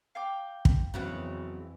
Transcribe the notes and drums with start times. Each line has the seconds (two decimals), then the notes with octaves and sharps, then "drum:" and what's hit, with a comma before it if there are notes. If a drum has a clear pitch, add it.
0.15 F5 G5 D6
0.65 drum: kick
0.94 F2 C#3 E3 F#3 B3